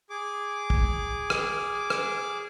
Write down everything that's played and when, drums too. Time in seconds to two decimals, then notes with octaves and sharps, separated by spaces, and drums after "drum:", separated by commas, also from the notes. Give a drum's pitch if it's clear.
0.10 G#4 D6
0.70 drum: kick
1.30 drum: rim click
1.90 drum: rim click